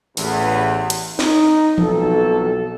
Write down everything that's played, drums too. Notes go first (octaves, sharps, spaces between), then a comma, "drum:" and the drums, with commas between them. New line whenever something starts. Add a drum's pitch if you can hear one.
A1 E2, drum: open hi-hat
drum: hi-hat
D#4, drum: snare
B1 F2 A4, drum: tom E3